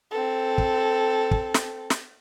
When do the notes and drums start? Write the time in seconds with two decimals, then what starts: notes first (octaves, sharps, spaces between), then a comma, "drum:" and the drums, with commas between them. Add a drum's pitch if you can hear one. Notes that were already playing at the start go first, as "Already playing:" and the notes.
0.11 C4 A4
0.58 drum: kick
1.31 drum: kick
1.54 drum: snare
1.90 drum: snare